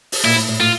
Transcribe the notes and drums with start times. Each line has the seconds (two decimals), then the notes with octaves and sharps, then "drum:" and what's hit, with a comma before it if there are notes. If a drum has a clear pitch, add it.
0.12 drum: open hi-hat
0.24 A#2 E4
0.36 A2
0.48 A2
0.60 A2 F4